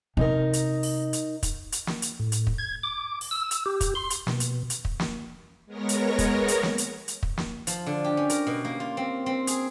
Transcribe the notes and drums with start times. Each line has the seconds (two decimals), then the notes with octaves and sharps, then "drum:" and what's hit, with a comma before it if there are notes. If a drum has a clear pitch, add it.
0.17 C3 D#4 A#4
0.53 drum: hi-hat
0.83 drum: open hi-hat
1.13 drum: hi-hat
1.43 drum: kick, hi-hat
1.72 drum: hi-hat
1.87 drum: snare
2.02 drum: hi-hat
2.20 A2
2.32 drum: hi-hat
2.47 drum: kick
2.58 G#6
2.83 D6
3.21 drum: open hi-hat
3.31 E6
3.51 drum: hi-hat
3.66 G4
3.81 drum: kick, hi-hat
3.95 C6
4.10 drum: hi-hat
4.27 B2, drum: snare
4.40 drum: hi-hat
4.70 drum: hi-hat
4.85 drum: kick
5.00 drum: snare
5.66 G#3 B3 A#4 C#5 A#6
5.89 drum: hi-hat
6.19 drum: kick, hi-hat
6.48 drum: hi-hat
6.63 drum: snare
6.78 drum: hi-hat
7.08 drum: hi-hat
7.23 drum: kick
7.37 drum: snare
7.67 F3, drum: hi-hat
7.86 D3
8.04 G4
8.17 C#4
8.30 A#4, drum: hi-hat
8.47 B2
8.65 A#3
8.80 F4
8.97 C4
9.26 C4
9.47 G#4, drum: hi-hat